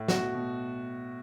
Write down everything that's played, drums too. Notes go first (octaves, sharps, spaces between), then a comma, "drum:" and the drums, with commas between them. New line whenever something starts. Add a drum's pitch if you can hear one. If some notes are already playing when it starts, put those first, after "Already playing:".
Already playing: A2
B2 F#4, drum: snare
B2